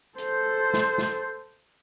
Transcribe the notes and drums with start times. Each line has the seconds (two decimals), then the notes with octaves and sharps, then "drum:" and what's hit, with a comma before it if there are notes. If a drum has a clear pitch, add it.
0.18 A4 C5, drum: hi-hat
0.74 drum: snare
0.98 drum: snare